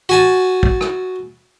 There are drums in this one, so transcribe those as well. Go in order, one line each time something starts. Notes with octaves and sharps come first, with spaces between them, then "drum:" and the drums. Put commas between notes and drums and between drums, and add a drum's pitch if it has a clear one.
F#4 G#5 A5
drum: kick
drum: rim click